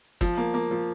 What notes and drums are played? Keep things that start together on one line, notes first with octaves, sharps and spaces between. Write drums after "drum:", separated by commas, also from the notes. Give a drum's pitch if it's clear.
F3, drum: kick, hi-hat
A#3
A#3
F3